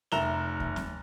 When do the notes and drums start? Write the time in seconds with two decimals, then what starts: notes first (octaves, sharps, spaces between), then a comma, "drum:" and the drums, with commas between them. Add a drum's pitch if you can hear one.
0.12 F1 E5 A#5 E7 F7 G7, drum: snare C4
0.60 drum: kick D#2
0.76 drum: snare C4